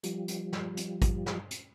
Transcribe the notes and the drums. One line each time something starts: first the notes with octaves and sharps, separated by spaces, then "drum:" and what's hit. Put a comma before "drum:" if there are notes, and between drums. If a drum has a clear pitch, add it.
F3 G3, drum: hi-hat
drum: hi-hat
drum: snare
drum: hi-hat
drum: kick, hi-hat
drum: snare
drum: hi-hat